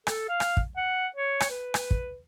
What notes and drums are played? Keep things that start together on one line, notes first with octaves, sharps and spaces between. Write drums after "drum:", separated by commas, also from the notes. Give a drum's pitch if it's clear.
A4, drum: rim click
F5
drum: rim click
drum: kick
F#5
C#5
drum: rim click
B4
drum: rim click
drum: kick